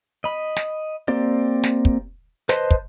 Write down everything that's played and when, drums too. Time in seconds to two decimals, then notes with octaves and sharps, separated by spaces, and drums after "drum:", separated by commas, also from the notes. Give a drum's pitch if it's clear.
0.24 D#5 B5
0.56 drum: snare
1.08 A#3 C4 G4 D5
1.63 drum: snare
1.85 drum: kick
2.49 B4 C5 D#5 A5 C6, drum: snare
2.71 drum: kick